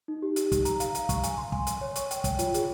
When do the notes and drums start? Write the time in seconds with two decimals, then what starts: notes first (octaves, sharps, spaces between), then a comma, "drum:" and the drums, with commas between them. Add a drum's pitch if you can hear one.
0.08 D#4
0.22 G4
0.36 G4, drum: hi-hat
0.52 G4, drum: kick, hi-hat
0.65 A#5, drum: hi-hat
0.80 F5, drum: hi-hat
0.95 F5, drum: hi-hat
1.09 C#6, drum: kick, hi-hat
1.23 G#5, drum: hi-hat
1.38 C6
1.52 G#5, drum: kick
1.67 G#5, drum: hi-hat
1.81 C#5
1.96 C#6, drum: hi-hat
2.11 G5, drum: hi-hat
2.24 C#5, drum: kick, hi-hat
2.39 F4, drum: hi-hat
2.54 G#4, drum: hi-hat